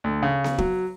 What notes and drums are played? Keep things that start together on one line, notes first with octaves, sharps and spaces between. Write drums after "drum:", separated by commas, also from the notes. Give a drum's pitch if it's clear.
D2
C#3
drum: snare B3
F#3, drum: kick